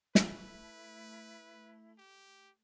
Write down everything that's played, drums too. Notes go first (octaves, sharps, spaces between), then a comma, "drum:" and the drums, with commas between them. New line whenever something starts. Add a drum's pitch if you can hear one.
A3 E4 B4, drum: snare
G4